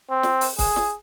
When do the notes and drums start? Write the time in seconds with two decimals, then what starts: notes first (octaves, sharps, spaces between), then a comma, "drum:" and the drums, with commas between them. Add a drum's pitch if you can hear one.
0.10 C4
0.23 drum: snare
0.41 drum: open hi-hat
0.59 G#4, drum: kick, open hi-hat
0.76 drum: snare